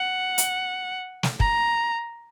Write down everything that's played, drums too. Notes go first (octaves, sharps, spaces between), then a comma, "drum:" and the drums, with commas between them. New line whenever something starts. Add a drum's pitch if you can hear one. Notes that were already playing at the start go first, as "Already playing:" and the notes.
Already playing: F#5
drum: hi-hat
drum: snare
A#5, drum: kick